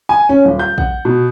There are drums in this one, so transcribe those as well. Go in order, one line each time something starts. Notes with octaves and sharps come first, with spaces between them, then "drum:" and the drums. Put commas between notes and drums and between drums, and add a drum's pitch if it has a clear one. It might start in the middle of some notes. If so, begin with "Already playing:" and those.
G#5
C#4
D#1
G6
F#5, drum: kick
B2